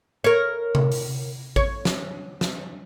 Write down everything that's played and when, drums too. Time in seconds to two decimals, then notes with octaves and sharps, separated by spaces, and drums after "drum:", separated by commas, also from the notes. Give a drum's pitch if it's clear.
0.24 A#4 C#5
0.75 drum: tom C3
0.91 drum: open hi-hat
1.56 C#5, drum: kick A1
1.85 drum: snare
2.41 drum: snare